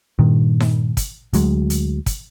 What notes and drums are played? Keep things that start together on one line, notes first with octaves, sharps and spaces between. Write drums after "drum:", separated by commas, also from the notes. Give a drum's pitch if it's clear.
G2 A#2 D#3
drum: snare D#4
drum: kick, hi-hat
D2 F#3 G#3, drum: hi-hat
drum: hi-hat
drum: kick, hi-hat